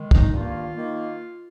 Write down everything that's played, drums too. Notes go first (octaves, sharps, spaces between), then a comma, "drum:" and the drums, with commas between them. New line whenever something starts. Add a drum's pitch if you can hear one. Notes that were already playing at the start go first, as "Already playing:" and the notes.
Already playing: D#3 G#3
D#4, drum: kick
G2 D#3 A#3 F4
D#3 A#3